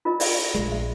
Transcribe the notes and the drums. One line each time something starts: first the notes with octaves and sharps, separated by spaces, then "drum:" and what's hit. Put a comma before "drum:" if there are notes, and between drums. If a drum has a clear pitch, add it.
F4 A#4 D#5
D5, drum: open hi-hat
A#1 G#3
E5